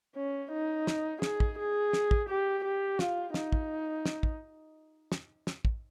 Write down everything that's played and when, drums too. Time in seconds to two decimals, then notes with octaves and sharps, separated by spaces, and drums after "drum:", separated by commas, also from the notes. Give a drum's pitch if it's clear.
0.16 C#4
0.53 D#4
0.87 drum: snare
1.22 G#4, drum: snare
1.40 drum: kick
1.58 G#4
1.93 drum: snare
2.11 drum: kick
2.29 G4
2.64 G4
2.99 F4, drum: snare
3.34 D#4, drum: snare
3.52 drum: kick
4.06 drum: snare
4.23 drum: kick
5.12 drum: snare
5.47 drum: snare
5.65 drum: kick